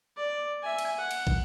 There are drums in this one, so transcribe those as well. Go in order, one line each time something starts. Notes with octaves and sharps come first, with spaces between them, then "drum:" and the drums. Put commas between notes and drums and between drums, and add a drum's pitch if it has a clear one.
D5
E5 G#5
drum: cymbal
F#5
drum: cymbal
drum: kick